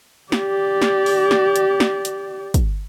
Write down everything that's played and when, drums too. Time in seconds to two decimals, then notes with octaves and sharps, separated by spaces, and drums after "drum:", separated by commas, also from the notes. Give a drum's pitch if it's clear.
0.32 G4 D5, drum: snare
0.82 drum: snare
1.06 drum: open hi-hat
1.31 drum: snare
1.56 drum: hi-hat
1.80 drum: snare
2.05 drum: hi-hat
2.54 drum: kick, hi-hat